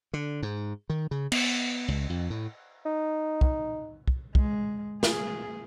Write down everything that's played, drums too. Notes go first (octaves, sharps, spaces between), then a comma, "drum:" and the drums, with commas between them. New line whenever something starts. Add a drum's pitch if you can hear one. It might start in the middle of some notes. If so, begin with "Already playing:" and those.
D3
G#2
D#3
C#3
B3, drum: cymbal
C#2
F2
A2
D#4
drum: kick
drum: kick
G#3, drum: kick
G#4, drum: snare